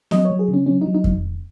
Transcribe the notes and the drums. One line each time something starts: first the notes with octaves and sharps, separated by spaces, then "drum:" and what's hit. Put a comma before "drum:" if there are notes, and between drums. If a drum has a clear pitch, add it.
F#3 D#5, drum: snare
C#5
F#3
G#4
C#3
C#4
F#3 C#4
D#4
F#3
D#4
drum: kick F2